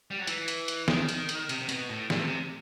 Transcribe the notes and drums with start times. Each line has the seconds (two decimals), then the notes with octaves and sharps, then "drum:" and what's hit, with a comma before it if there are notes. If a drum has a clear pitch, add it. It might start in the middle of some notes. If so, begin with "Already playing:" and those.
0.11 G3
0.19 F#3
0.27 E3, drum: hi-hat
0.48 drum: hi-hat
0.68 drum: hi-hat
0.88 D#3, drum: snare
1.09 drum: hi-hat
1.29 drum: hi-hat
1.49 C3, drum: hi-hat
1.61 C3
1.69 B2, drum: hi-hat
1.89 A2
2.10 A2, drum: snare
2.25 C3